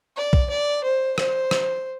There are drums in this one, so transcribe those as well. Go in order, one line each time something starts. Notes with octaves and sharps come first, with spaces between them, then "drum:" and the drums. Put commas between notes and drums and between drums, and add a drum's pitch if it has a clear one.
D5
drum: kick
D5
C5
C5, drum: rim click
drum: rim click